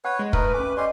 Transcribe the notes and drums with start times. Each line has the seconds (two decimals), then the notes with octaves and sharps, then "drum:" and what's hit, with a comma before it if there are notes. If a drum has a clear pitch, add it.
0.05 B4 C#5 F#5
0.19 G#3
0.33 A3 D#4 A#4 B4, drum: kick
0.54 A3 C#4 G#5 D6
0.77 C#4 G4 D5 D#5 C6